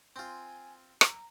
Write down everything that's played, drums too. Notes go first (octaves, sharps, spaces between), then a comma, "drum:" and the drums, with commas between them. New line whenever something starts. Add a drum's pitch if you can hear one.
C4 F4 G#5
A#5, drum: rim click